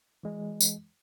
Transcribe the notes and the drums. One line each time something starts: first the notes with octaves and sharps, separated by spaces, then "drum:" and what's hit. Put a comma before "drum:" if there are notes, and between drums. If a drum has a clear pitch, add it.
E3 G#3
drum: tambourine